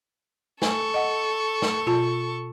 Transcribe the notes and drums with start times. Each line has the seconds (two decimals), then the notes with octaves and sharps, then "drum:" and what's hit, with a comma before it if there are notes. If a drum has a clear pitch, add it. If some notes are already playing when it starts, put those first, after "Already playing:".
0.62 A4 G#5 C#6, drum: snare
0.94 D#5 F#5
1.62 drum: snare
1.86 B2 F4 A5